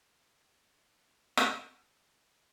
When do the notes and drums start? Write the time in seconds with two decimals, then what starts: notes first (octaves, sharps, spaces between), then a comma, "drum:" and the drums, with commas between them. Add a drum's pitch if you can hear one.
0.21 A#3 C4 E6 C#7
1.03 G#4
1.37 drum: rim click
1.98 F#6 F7